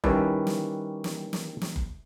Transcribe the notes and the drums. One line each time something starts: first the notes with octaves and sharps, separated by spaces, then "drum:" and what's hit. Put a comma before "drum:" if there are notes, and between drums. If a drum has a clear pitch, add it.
D#3 G3 C#4 E4 B4 D5, drum: kick F#1
drum: snare
drum: snare
drum: snare
drum: snare
drum: kick F#1